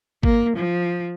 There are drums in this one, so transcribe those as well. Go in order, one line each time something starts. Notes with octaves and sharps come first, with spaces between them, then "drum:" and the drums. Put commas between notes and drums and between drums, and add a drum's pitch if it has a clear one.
A#3, drum: kick G#1
F3